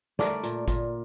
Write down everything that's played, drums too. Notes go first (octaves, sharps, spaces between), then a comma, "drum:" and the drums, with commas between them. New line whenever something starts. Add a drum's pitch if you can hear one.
A3 A#4 D5, drum: snare
A#2, drum: hi-hat
A#2, drum: kick G#1, hi-hat